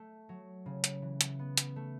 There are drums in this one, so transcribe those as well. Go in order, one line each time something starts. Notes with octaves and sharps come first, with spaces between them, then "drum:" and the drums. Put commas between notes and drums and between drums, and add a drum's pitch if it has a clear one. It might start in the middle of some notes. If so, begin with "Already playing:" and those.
Already playing: A3
F#3
C#3
drum: hi-hat
E3
drum: hi-hat
B3
drum: hi-hat
A3